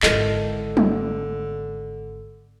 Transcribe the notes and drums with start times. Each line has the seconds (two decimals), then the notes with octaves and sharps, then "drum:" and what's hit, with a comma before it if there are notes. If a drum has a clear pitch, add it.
0.03 G#1 D3 E4 A4 A#4 D#5, drum: clap
0.77 drum: tom F#3